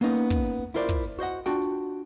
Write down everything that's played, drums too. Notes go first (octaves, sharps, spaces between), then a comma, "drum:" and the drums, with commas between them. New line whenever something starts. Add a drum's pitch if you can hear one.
A#3 B3 C#4 D#4
drum: hi-hat
drum: kick, hi-hat
drum: hi-hat
E4 F4 A#4 C5 D5, drum: hi-hat
drum: kick, hi-hat
drum: hi-hat
F#4 C5 D#5 F#5
D4 F4 F#4 G5, drum: hi-hat
drum: hi-hat